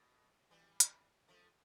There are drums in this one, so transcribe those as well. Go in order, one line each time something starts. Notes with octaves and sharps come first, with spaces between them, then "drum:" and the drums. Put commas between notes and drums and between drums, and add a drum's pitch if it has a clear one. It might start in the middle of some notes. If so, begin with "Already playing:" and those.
Already playing: B2
E3 G3
drum: hi-hat
F3 A3